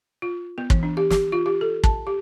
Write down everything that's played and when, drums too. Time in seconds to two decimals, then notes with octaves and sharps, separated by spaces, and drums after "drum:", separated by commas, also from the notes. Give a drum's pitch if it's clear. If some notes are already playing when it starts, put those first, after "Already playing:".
0.22 F4
0.58 B3
0.70 E3, drum: kick
0.83 D4
0.97 G4
1.11 G4, drum: snare
1.32 F4
1.46 G4
1.61 A4
1.84 A5, drum: kick
2.07 G4